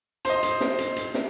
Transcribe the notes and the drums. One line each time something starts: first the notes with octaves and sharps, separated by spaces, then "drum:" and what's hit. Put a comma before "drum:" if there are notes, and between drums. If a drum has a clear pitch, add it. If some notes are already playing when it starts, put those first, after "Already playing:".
C5 D#5, drum: hi-hat
drum: hi-hat
drum: snare
drum: hi-hat
drum: hi-hat
drum: snare